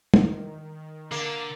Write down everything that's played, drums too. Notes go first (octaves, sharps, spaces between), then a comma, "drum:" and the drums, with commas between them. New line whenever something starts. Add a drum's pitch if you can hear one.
D#3, drum: tom
D3 A#3